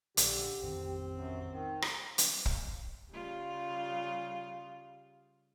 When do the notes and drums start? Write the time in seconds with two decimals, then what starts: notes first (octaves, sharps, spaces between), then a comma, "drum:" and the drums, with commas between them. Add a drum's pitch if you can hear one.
0.17 A#1 D3 G4, drum: hi-hat
0.62 A1 F2 D#3 C4
1.13 F#2
1.50 D#3
1.82 drum: rim click
2.18 drum: hi-hat
2.46 drum: kick
3.11 C#3 G3 F4